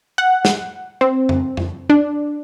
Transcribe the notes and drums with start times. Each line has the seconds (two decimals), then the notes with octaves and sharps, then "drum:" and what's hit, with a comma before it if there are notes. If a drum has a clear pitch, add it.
0.18 F#5
0.45 drum: snare
1.01 C4
1.29 drum: tom F2
1.57 drum: tom F2
1.90 D4